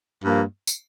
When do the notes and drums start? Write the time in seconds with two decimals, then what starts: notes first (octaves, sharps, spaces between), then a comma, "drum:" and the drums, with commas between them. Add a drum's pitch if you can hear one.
0.24 G2 F3 A#3
0.67 drum: tambourine